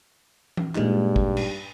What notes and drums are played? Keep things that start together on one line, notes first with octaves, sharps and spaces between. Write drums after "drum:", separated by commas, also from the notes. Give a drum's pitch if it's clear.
drum: tom E3
G2 A#2 G#3 D#4, drum: clap
drum: kick
drum: cymbal